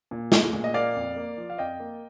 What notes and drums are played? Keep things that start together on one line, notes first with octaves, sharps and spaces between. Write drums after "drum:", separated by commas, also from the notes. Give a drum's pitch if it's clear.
A#2
G#3, drum: snare
A#2
D#5
A#3 D5 F5
F2
A#3
F3
F5
F2 D#5 G5
A#3